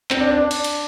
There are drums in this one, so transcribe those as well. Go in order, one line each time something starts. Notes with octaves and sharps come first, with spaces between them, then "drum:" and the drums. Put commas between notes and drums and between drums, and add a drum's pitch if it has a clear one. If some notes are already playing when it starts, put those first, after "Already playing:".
C4, drum: clap
D4
D4
D4
drum: cymbal
drum: cymbal